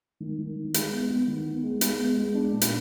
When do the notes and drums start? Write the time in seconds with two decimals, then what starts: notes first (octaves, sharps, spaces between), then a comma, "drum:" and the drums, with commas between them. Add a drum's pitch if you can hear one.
0.20 D#3
0.39 D#3
0.56 D#3
0.74 G#3, drum: hi-hat
0.92 B3
1.10 B3
1.28 D#3
1.46 B3
1.63 G#3
1.81 G#3, drum: hi-hat
1.99 B3
2.17 G#3
2.35 D4
2.52 A#2
2.61 drum: hi-hat